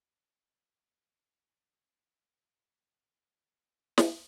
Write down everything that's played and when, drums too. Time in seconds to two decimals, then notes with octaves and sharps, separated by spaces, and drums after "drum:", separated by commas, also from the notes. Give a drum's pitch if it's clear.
0.10 C#4 C5
3.33 E3
3.98 drum: snare